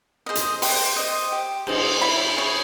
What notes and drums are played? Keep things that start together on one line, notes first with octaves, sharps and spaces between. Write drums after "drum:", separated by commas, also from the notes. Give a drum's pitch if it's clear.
G#4 C5 D#5
drum: hi-hat
G4 C6, drum: open hi-hat
C5 D#5
G4
C5 D#5, drum: cymbal
E4 B5
G#4 C#5